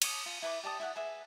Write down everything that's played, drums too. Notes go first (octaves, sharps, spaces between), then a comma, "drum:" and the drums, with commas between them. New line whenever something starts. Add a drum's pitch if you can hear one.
C#5 D6 D#6, drum: cymbal
F4
E4 B4 B5 D6
G4 D5 A5 D#6
E4 E5 F#5 D#6
G#4 B4 E5